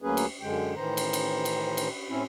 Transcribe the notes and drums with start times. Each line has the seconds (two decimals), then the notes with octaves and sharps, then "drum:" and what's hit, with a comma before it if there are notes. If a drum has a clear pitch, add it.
0.02 D2 F#3 A#3 C#4 G#4 B4
0.17 drum: cymbal
0.42 F#2 D3 G#3 G5
0.76 A2 D#3 E3 C5 A#5
0.97 drum: cymbal
1.13 drum: cymbal
1.45 drum: cymbal
1.77 drum: cymbal
2.09 A2 C4 C#4 E4